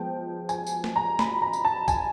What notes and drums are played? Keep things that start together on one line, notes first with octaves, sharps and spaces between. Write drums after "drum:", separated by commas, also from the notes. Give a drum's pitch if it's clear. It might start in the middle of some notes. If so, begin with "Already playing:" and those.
Already playing: F3 G#3 B3 G5
G#5, drum: tambourine
drum: tambourine
drum: snare
A#5
B5, drum: snare
A#5
drum: tambourine
A5
G#5, drum: kick, tambourine